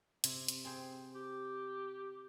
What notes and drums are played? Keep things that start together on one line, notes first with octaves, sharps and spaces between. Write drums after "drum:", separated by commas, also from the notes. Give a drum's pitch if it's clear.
C3, drum: hi-hat
drum: hi-hat
C4 G#4 C5
G4